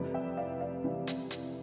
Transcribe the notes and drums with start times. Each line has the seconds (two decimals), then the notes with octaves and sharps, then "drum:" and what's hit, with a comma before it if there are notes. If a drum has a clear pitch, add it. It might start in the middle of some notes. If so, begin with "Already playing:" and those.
Already playing: F2 C3 E3 G3 B4 D5
0.14 E5 G5
0.37 D5 F5
0.61 D5 F5
0.84 C3 E3 G3
1.07 drum: hi-hat
1.31 drum: hi-hat